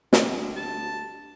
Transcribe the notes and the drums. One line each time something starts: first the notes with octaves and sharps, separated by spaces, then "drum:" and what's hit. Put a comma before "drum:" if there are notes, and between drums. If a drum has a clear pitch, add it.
D2 G3, drum: snare
A5